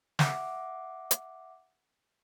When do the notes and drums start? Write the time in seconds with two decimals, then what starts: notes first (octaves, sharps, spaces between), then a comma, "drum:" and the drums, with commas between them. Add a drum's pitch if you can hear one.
0.19 E5 F#5 D6, drum: snare
1.11 drum: hi-hat